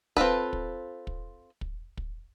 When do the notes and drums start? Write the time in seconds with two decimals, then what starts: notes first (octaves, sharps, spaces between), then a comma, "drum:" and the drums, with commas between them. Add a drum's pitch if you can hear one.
0.17 C4 F4 A4 B4, drum: kick
0.53 drum: kick
1.07 drum: kick
1.61 drum: kick
1.97 drum: kick